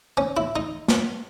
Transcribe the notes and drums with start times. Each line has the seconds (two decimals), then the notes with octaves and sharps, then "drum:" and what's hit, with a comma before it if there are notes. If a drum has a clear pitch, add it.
0.17 C#4
0.37 E4
0.56 D#4
0.88 drum: snare